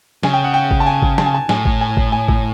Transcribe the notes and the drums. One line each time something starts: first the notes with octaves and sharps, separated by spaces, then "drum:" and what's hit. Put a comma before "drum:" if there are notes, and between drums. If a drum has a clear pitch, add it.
C#3 G#5, drum: snare
G5
F#5
G5
drum: kick
A5
G#5
drum: kick
A5, drum: snare
G#5
A5
A2 G#5, drum: snare
drum: kick
G#5
drum: kick
G#5
drum: kick